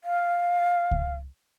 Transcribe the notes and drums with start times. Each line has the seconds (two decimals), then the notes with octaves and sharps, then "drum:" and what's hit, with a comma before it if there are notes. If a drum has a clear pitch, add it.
0.04 F5
0.91 drum: kick C#2